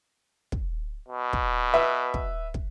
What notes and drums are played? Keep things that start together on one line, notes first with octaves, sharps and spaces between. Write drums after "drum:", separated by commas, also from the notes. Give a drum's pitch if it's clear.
drum: kick
B2
drum: kick
B4 E5
drum: kick
drum: kick